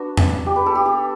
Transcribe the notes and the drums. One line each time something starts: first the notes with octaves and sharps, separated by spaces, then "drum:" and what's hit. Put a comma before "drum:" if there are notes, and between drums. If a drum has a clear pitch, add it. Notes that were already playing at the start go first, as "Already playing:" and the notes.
Already playing: B3 D4 F#4
drum: tom E2
G4
B4
A4
G4
G4